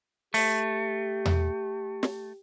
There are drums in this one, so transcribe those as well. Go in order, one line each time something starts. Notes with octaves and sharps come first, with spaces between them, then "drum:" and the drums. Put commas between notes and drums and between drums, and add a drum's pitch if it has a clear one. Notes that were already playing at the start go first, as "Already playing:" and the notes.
A3 G4, drum: open hi-hat
drum: tom E2
drum: snare